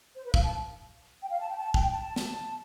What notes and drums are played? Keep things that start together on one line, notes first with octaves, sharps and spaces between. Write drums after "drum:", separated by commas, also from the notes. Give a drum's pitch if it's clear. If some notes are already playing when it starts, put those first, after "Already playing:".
C5
B4
F5, drum: kick
A5
G5
F5
A5
G5
A5
G5, drum: kick
A5
drum: snare